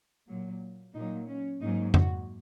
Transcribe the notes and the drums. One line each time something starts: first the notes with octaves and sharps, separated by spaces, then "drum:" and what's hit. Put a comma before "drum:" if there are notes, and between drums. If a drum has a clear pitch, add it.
A#2 F#3 A#3
A#2 F#3 A#3 D#4
C#4
G#2 F#3 A#3 D#4
F#4, drum: tom F2